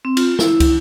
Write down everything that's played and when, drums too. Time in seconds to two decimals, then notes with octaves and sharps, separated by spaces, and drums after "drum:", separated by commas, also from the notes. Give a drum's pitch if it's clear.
0.05 C4
0.17 F4, drum: cymbal
0.39 E4, drum: snare
0.60 drum: kick, cymbal